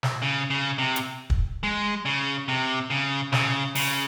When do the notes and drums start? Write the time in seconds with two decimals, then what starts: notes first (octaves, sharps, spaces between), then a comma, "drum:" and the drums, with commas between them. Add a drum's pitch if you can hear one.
0.03 drum: snare
0.22 C#3
0.50 C#3
0.78 C3
0.96 drum: hi-hat
1.30 drum: kick
1.63 G#3
2.05 C#3
2.48 C3
2.90 C#3
3.33 C#3, drum: snare
3.75 C#3, drum: open hi-hat